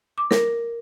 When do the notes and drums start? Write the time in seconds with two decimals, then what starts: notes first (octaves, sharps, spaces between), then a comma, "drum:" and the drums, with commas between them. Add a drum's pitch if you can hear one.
0.18 D6
0.31 A#4, drum: snare